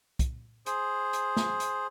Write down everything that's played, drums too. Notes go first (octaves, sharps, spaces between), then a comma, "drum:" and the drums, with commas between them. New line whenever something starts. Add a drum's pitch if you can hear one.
drum: kick, hi-hat
G#4 C5, drum: hi-hat
drum: hi-hat
drum: snare A3
drum: hi-hat